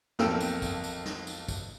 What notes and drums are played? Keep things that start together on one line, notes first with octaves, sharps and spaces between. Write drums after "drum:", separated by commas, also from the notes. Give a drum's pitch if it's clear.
B1 F2 A#3 A4 G5 E6, drum: snare
drum: tambourine
drum: kick, tambourine
drum: tambourine
drum: snare
drum: tambourine
drum: kick, tambourine